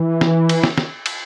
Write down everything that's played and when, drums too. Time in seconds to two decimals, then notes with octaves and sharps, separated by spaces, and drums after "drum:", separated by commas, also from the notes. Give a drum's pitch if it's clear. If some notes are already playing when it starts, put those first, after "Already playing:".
Already playing: E3
0.21 drum: snare
0.49 drum: cymbal
0.63 drum: snare
0.78 drum: snare
1.06 drum: cymbal